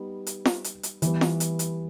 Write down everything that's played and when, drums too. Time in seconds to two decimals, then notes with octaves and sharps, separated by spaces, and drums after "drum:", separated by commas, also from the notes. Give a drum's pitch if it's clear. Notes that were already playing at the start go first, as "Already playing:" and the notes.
Already playing: G3 B3 D#4
0.27 drum: hi-hat
0.45 drum: snare F4
0.64 drum: hi-hat
0.83 drum: hi-hat
1.02 E3 G3 B3, drum: hi-hat
1.21 drum: snare F4
1.40 drum: hi-hat
1.59 drum: hi-hat